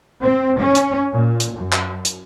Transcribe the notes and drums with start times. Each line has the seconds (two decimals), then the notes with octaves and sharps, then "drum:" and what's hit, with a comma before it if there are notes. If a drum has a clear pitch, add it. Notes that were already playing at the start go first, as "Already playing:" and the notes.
0.22 C4
0.59 C#4
0.75 drum: hi-hat
1.13 A#2
1.40 drum: hi-hat
1.57 F#2
1.72 drum: clap
2.05 drum: hi-hat